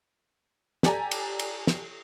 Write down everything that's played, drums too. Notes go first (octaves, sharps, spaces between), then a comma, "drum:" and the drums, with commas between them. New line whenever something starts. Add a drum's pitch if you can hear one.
G4 A4 D5 G#5 A#5, drum: snare
drum: cymbal
drum: cymbal
drum: snare